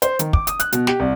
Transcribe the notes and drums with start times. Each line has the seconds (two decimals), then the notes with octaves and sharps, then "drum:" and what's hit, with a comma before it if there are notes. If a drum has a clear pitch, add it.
0.02 C5, drum: hi-hat
0.19 D#3, drum: hi-hat
0.33 D6, drum: kick
0.47 D#6, drum: hi-hat
0.60 F#6, drum: hi-hat
0.72 B2, drum: hi-hat
0.87 G4, drum: snare
1.00 C2